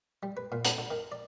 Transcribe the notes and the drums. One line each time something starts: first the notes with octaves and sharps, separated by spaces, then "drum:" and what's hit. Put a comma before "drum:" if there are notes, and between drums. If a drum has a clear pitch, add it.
G3
B4
A#2
B3, drum: hi-hat
D3
D#3
D5